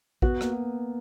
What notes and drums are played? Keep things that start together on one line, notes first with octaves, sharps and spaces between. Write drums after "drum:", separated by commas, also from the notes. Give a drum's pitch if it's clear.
B3 F#4, drum: kick
A#3, drum: rim click